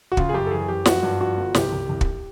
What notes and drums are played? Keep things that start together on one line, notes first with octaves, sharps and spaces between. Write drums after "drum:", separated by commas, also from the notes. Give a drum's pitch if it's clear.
F#4
C#3 F4, drum: kick
G#4
F#2 G4
A4
E3 G#4
F#2 G4
F3 F#4, drum: snare
G2
F3 F#4
G1
C2 G4, drum: snare
C2
C2
drum: kick